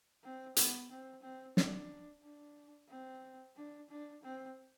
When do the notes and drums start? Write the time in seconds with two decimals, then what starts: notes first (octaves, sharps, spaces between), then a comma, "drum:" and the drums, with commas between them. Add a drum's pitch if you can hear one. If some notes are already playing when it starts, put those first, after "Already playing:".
0.23 C4
0.56 B3, drum: hi-hat
0.90 C4
1.23 C4
1.57 D4, drum: snare
2.23 D4
2.89 C4
3.57 D4
3.90 D4
4.24 C4